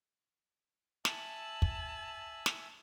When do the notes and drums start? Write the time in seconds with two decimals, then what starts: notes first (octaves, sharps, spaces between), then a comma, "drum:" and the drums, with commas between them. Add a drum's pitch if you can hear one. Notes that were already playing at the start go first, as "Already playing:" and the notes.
1.05 E5 G#5 A5 E6 F#7, drum: snare
1.62 drum: kick
2.46 drum: snare